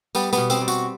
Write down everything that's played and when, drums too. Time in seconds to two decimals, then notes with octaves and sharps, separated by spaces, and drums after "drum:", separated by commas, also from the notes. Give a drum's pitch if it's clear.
0.15 G3 B3, drum: tambourine
0.33 B2 B3, drum: tambourine
0.50 C4, drum: tambourine
0.61 G3
0.68 F#4, drum: tambourine